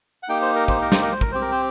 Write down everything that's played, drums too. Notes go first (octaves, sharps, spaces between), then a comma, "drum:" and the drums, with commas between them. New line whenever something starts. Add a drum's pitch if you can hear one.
F#5
A#3 D#4 G4 G5
C5
A#4
C5, drum: kick
A#4
C5, drum: snare
A#4
C5
A#4, drum: kick
C4 G4 C5
A#4
C5